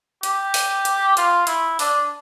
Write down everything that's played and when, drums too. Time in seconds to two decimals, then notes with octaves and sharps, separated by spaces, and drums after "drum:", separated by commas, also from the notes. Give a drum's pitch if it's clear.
0.23 G4, drum: hi-hat
0.54 drum: open hi-hat
0.85 drum: hi-hat
1.17 F4, drum: hi-hat
1.47 E4, drum: hi-hat
1.79 D4, drum: open hi-hat